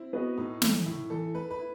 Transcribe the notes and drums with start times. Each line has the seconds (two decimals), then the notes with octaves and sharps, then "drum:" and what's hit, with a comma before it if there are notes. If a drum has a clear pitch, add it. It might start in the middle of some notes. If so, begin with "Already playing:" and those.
Already playing: C4 E4
0.13 B3 F#4 B4 D#5
0.37 A2 D#4
0.62 E3 A3, drum: snare
0.86 A2 E4
1.10 E3 A3 A4
1.34 A3 B4
1.51 B4
1.59 E4